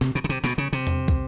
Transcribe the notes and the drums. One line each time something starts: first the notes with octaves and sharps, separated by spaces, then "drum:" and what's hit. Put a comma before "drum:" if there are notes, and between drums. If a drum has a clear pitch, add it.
C3, drum: snare
B2
C#3, drum: hi-hat
C3
B2, drum: snare
C#3
C3
drum: tom E2
drum: kick, hi-hat